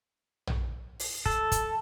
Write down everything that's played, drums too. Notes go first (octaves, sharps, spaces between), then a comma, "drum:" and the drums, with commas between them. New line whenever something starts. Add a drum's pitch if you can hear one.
drum: tom A#1
drum: open hi-hat
A4, drum: kick
drum: kick, hi-hat